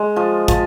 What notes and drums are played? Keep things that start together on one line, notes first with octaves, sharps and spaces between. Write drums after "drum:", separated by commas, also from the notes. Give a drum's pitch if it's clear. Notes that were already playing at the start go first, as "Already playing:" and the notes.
Already playing: G#3
F3
F3, drum: kick, hi-hat